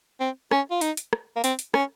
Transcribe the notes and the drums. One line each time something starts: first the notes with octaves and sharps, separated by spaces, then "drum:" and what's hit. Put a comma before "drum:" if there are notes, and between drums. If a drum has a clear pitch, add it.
C4
C#4, drum: rim click
F4
D#4, drum: hi-hat
drum: hi-hat
drum: rim click
A#3
C4, drum: hi-hat
drum: hi-hat
C#4, drum: rim click